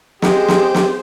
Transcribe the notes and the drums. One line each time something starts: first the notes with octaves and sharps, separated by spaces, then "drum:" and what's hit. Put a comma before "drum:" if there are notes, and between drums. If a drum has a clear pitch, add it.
G#3 G4 G#4 C5, drum: snare
drum: snare
drum: snare